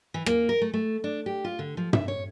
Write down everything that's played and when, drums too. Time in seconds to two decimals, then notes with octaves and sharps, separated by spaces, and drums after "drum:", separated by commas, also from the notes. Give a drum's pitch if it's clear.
0.14 E3
0.26 A#3, drum: rim click
0.49 A#4
0.61 A3
0.73 A3
1.04 D4
1.26 G4
1.44 F4
1.59 D3
1.77 F3
1.93 E5, drum: tom
2.08 C#5